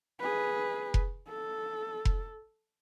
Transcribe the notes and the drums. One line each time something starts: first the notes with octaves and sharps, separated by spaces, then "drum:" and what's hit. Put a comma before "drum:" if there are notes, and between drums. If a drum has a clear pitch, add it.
G#4 B4
drum: kick F1
A4
drum: kick F1